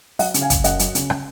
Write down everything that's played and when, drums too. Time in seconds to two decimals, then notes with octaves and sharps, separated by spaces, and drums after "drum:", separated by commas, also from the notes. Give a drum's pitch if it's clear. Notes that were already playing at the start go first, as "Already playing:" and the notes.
0.19 F#3 D#5 F#5, drum: open hi-hat
0.34 C#3, drum: hi-hat
0.42 F5 G#5
0.50 F#1, drum: kick, hi-hat
0.64 F#2 D#5 F#5, drum: hi-hat
0.79 F#3, drum: hi-hat
0.95 C#3, drum: hi-hat
1.10 drum: rim click